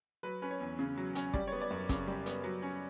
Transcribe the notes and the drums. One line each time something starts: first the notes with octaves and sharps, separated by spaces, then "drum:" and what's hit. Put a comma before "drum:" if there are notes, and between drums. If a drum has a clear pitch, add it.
F#3 B4
C#4 B4
C#5
E2
C#3
F#3
C#4, drum: hi-hat
G3 D5, drum: kick
B3 C#5
D5
F#2
C#3, drum: kick, hi-hat
G3
B3, drum: hi-hat
F#3
C#4